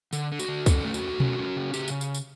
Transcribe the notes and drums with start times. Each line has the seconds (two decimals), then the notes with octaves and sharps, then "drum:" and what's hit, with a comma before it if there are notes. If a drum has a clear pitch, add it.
0.13 D3, drum: tambourine
0.32 D3
0.39 F#4, drum: tambourine
0.48 D3
0.66 C#4 A4, drum: kick, tambourine
0.84 A3
0.94 F#4, drum: tambourine
1.03 A3
1.20 C#4, drum: tom B2
1.39 C#4
1.57 C#3
1.74 C#3 G4, drum: tambourine
1.88 drum: tambourine
2.01 drum: tambourine
2.14 drum: tambourine